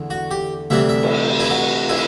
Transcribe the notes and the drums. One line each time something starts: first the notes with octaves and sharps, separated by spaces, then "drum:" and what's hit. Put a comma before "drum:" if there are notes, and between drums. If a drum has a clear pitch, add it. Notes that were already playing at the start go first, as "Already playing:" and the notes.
Already playing: E2 D3 A3
F#4
G4
D2 C3 E3 G3 D4 E5
E5
drum: cymbal
E4
F#4
E4, drum: cymbal